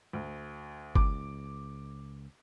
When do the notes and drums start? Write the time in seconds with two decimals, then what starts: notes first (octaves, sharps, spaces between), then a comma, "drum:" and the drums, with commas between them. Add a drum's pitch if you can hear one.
0.13 D2
0.95 C#2 D6, drum: kick G1